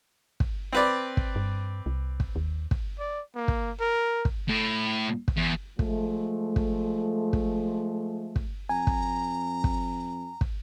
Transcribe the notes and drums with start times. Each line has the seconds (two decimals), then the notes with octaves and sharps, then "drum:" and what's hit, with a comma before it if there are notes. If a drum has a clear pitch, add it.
0.40 drum: kick
0.72 C4 B4 D5
1.17 drum: kick
1.36 G2
1.86 C2
2.20 drum: kick
2.36 D#2
2.71 drum: kick
2.99 D5
3.35 A#3
3.48 drum: kick
3.81 A#4
4.25 drum: kick
4.49 A2
5.28 drum: kick
5.37 E2
5.79 F3 G#3 A3, drum: kick
6.56 drum: kick
7.33 drum: kick
8.36 drum: kick
8.69 F2 G#5 A#5
8.87 drum: kick
9.64 drum: kick
10.41 drum: kick